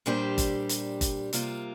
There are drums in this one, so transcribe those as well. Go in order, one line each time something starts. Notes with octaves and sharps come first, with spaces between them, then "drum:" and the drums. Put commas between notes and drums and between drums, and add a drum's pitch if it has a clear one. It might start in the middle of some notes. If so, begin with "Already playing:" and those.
A#2 G3 D4 G4 C5
drum: kick G1, hi-hat
drum: hi-hat
drum: kick G1, hi-hat
C3 G3 A#3 F4, drum: hi-hat